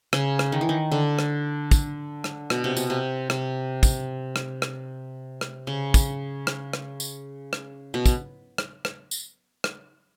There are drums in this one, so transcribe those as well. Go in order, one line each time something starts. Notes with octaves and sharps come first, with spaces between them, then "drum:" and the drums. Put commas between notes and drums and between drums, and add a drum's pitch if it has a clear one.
C#3, drum: rim click
drum: rim click
D#3
E3
D#3
D3
drum: rim click
drum: kick, tambourine
drum: rim click
B2, drum: rim click
C3
B2, drum: tambourine
C3
C3, drum: rim click
drum: kick, tambourine
drum: rim click
drum: rim click
drum: rim click
C#3
drum: kick, tambourine
drum: rim click
drum: rim click
drum: tambourine
drum: rim click
B2
drum: kick, tambourine
drum: rim click
drum: rim click
drum: tambourine
drum: rim click